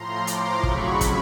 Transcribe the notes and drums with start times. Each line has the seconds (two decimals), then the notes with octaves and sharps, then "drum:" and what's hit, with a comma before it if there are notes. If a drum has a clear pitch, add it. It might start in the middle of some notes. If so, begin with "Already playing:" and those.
Already playing: A2 F3 A#5 C6
0.27 C6 D6, drum: hi-hat
0.63 F2 C#3 F#3 B5 C#6, drum: kick
1.01 drum: kick, hi-hat